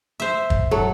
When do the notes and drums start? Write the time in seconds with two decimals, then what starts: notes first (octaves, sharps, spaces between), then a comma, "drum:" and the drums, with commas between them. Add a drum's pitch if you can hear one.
0.20 C5 E5
0.50 drum: kick
0.71 F#3 A4